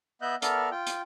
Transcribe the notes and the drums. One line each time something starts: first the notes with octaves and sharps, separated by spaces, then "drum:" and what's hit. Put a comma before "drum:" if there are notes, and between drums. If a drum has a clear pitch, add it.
B3 D#5 E5 F#6 G6
B3 A4 A#4 D5 E5 F6, drum: hi-hat
F4 G5
drum: hi-hat